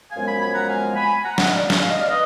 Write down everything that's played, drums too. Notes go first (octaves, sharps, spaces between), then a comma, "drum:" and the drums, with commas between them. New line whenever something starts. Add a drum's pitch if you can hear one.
F#2 F3 G#3 B3 F5 G#5
G#5 B5
G#5 B5
F#5 A#5
F5 G#5
G#5 B5
F#5 A#5
D#5 F#5, drum: snare
D5 F5
drum: snare
F5
D#5
D5 F5
B4 D#5